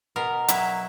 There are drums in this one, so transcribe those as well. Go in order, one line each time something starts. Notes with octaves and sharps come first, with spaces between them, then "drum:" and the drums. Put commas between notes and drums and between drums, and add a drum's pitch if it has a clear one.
B2 A#4
F#3 E4, drum: hi-hat